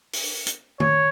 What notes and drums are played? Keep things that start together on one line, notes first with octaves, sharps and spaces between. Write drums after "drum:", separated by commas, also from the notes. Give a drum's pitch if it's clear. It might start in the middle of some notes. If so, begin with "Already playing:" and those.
drum: open hi-hat
drum: hi-hat
C#5, drum: tom D#3